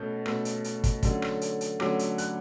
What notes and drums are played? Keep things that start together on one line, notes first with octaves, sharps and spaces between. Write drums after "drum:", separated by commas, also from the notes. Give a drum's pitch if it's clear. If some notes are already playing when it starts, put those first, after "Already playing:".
Already playing: B2 A3 C#4 G6
B2 A3 C#4 E6, drum: rim click
drum: hi-hat
drum: hi-hat
drum: kick, hi-hat
D3 F#3 A3 C#4, drum: kick, hi-hat
drum: rim click
drum: hi-hat
drum: hi-hat
D3 F#3 A3 C#4 D6, drum: rim click
drum: hi-hat
F#6, drum: hi-hat